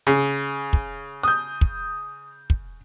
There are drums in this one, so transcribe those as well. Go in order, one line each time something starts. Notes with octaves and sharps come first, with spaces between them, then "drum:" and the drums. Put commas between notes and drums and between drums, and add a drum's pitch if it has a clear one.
C#3
drum: kick
D#6 G6
drum: kick
drum: kick